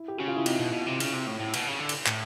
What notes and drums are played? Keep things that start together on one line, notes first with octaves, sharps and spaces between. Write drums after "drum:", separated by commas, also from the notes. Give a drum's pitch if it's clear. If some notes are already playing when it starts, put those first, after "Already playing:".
Already playing: E4
G4
C#3 F#4
F4
E4
C3 D#4, drum: cymbal
B2
B2
C3
C#3, drum: cymbal
C3
A2
A2
B2, drum: cymbal
C#3
D3
drum: cymbal
A2, drum: clap